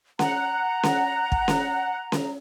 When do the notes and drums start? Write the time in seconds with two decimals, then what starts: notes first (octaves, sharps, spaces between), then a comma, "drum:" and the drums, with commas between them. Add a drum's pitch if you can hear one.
0.19 F#5 A#5, drum: snare C#4
0.83 drum: snare C#4
1.32 drum: kick
1.48 drum: snare C#4
2.12 drum: snare C#4